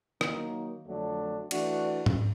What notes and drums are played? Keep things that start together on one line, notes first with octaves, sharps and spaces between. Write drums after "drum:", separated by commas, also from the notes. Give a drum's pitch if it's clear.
D#3 F#3 A#3 D#4, drum: rim click
F2 D3 F#3 A3 D4
E3 A3 D4 F#4, drum: cymbal
drum: tom G#2